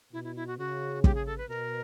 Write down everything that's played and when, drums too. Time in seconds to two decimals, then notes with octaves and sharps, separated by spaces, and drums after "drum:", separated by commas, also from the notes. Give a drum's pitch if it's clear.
0.13 B2 E4
0.24 E4
0.35 E4
0.47 F#4
0.58 C#3 F#4
1.04 G4, drum: kick
1.15 G#4
1.26 A4
1.38 B4
1.49 B2 A#4